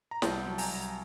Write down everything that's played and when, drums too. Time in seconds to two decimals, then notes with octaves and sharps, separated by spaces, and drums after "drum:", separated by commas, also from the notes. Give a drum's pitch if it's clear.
0.11 A#5
0.22 C2 G5 A5, drum: snare
0.46 F#3
0.58 G#5 A#5, drum: open hi-hat
0.70 C2